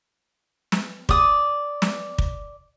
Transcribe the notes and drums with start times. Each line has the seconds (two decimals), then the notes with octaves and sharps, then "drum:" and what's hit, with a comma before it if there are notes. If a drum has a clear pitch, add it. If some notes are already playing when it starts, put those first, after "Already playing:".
0.72 drum: snare
1.09 D5 D#6, drum: kick
1.82 drum: snare
2.18 drum: kick